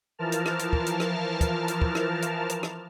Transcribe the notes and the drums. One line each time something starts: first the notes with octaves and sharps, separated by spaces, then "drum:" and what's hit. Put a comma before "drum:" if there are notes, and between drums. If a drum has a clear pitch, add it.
E3 F3 A#4 A5 F6
drum: hi-hat
drum: rim click
drum: hi-hat
drum: kick
drum: hi-hat
drum: rim click
drum: kick, hi-hat
drum: hi-hat
drum: kick
drum: rim click
drum: hi-hat
drum: hi-hat
drum: rim click